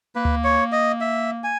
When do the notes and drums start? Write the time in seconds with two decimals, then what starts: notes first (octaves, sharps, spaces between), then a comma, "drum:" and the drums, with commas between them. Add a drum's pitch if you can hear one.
0.15 A#3 B4
0.25 drum: tom D2
0.44 C#5
0.72 D#5
1.01 E5
1.44 G#5